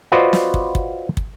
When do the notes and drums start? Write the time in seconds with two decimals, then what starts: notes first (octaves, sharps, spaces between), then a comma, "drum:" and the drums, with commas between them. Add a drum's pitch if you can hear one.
0.12 F4 F#4 B4 C5 D5 D#5
0.33 drum: snare
0.54 drum: kick
0.75 drum: kick
1.17 drum: kick